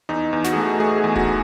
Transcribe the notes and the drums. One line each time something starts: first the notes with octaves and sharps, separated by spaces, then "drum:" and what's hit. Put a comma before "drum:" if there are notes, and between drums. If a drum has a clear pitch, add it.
E2 D#4
E2
F#4, drum: snare
G#4
A3 F#4
A3 G#4
G#4
E2
F#4, drum: kick D#1